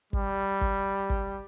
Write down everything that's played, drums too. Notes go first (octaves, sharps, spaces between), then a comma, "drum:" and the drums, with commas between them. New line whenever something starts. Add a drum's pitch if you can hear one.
G3, drum: kick
drum: kick
drum: kick